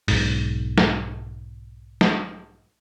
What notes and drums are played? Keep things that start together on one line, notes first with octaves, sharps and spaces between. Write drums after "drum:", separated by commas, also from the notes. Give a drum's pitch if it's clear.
B1 G#2, drum: open hi-hat
drum: snare
drum: snare